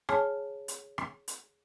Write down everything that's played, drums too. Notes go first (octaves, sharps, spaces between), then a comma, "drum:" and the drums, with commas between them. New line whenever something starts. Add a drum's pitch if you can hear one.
G#4 C#5 G#5 A5 F6, drum: rim click
drum: hi-hat
drum: rim click
drum: hi-hat